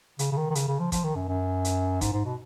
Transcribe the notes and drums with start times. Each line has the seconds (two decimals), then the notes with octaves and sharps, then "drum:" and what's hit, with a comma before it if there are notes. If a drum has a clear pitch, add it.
0.19 C#3, drum: hi-hat
0.32 C#3
0.37 D#3
0.50 D#3
0.55 C#3, drum: hi-hat
0.68 C#3
0.80 F3
0.92 F3, drum: kick, hi-hat
1.04 D#3
1.16 F#2
1.28 F#2
1.65 drum: hi-hat
2.01 G#2, drum: kick, hi-hat
2.13 G#2
2.25 B2